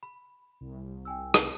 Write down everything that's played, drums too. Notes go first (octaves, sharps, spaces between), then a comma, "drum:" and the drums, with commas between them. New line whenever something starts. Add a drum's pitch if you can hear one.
B5
C2
G5 G#5 E6
drum: rim click